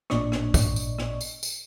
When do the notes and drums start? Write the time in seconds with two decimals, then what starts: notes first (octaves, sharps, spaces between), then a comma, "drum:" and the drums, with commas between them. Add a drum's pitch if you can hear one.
0.10 A1 A#2 D4 D5 D#5 C#6, drum: rim click
0.32 drum: rim click
0.54 drum: kick, tambourine
0.76 drum: tambourine
0.98 drum: rim click
1.21 drum: tambourine
1.43 drum: tambourine